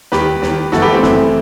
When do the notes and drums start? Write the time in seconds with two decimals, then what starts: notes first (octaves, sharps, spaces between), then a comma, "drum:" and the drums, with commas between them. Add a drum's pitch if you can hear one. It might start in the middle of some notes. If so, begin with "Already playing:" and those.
0.12 D#2 D#3 G4 B4, drum: snare
0.42 D#2 D#3, drum: snare
0.72 G1 F#2 E3 F#4 A4, drum: snare
0.82 G4 B4
0.92 A3 C4
1.03 G1 F#2 E3, drum: snare